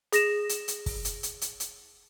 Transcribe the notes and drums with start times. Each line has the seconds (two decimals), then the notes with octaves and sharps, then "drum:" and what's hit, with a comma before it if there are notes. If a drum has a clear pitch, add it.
0.13 G#4 A#6 E7, drum: hi-hat
0.49 drum: hi-hat
0.68 drum: hi-hat
0.86 drum: kick, open hi-hat
1.05 drum: hi-hat
1.23 drum: hi-hat
1.41 drum: hi-hat
1.60 drum: hi-hat